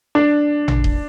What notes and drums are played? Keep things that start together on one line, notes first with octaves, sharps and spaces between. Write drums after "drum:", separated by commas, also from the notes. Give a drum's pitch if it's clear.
D4
drum: tom A1
drum: kick D#1